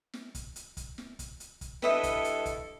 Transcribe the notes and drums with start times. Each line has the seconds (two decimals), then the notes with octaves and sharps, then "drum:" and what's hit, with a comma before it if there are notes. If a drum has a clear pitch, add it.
0.13 drum: snare
0.35 drum: kick, hi-hat
0.56 drum: hi-hat
0.77 drum: kick, hi-hat
0.98 drum: snare
1.19 drum: kick, hi-hat
1.40 drum: hi-hat
1.61 drum: kick, hi-hat
1.82 G2 E4 A4 B4 D#5 E5, drum: snare
2.03 drum: kick, hi-hat
2.24 drum: hi-hat
2.46 drum: kick, hi-hat